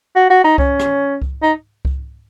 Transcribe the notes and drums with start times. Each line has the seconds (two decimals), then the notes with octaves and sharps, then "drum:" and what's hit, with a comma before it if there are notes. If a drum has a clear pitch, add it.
0.16 F#4
0.30 F#4
0.44 D#4
0.58 C#4, drum: kick C2
0.79 drum: rim click
1.22 drum: kick C2
1.42 D#4
1.85 drum: kick C2